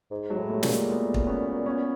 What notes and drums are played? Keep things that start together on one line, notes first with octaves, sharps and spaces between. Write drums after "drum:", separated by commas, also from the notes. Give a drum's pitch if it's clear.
G#2
F#3 G#3
A2
G3 A3
A#2, drum: snare
G#3 A#3
A3 B3
drum: kick
B3 C#4
B3 C#4